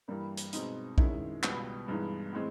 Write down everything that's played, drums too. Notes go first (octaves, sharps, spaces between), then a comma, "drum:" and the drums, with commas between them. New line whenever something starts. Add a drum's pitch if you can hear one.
G2 E3 G3 A#3
drum: hi-hat
B2 G#3 C4 D#4, drum: hi-hat
D#3 G#3 C#4 E4, drum: kick A#1
C#2 B2 G3 B3, drum: clap
G2 E3 G#3 B3 D#4
A2 E3 G#3 C4